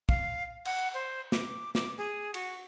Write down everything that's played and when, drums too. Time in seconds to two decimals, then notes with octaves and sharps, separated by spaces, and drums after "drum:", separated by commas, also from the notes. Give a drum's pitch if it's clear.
0.09 F5, drum: kick
0.65 F#5, drum: cymbal
0.94 C5
1.32 D6, drum: snare
1.75 D6, drum: snare
1.98 G#4
2.34 F#4, drum: cymbal